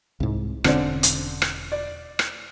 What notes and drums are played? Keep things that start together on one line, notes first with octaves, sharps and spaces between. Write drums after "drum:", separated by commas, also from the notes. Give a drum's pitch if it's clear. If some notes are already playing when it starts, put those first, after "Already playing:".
C2 G#2
E1 D3 C4 C#4 D5, drum: rim click
drum: hi-hat
drum: rim click
D5
drum: rim click